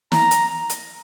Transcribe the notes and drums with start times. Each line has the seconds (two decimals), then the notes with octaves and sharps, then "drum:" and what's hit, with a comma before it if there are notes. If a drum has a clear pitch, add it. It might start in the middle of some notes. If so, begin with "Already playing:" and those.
0.12 A#5, drum: snare
0.31 drum: hi-hat
0.69 drum: hi-hat